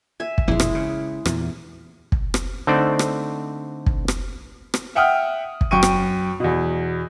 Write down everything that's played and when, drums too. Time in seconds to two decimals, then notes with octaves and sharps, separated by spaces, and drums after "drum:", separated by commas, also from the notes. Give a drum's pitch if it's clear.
0.20 E5 G#5
0.38 drum: kick
0.48 A#1 F2 E3 G#3 E4
0.60 drum: rim click
0.75 C#3
1.25 E2 A#2, drum: rim click
2.12 drum: kick
2.34 drum: rim click
2.67 D3 A3 C4 D#4 C5 D5
2.99 drum: rim click
3.86 drum: kick
4.08 drum: rim click
4.74 drum: rim click
4.95 E5 F#5 G5 D#6 F6
5.61 drum: kick
5.71 F#2 G5 C#6 D#7
5.83 drum: rim click
6.40 E2 B2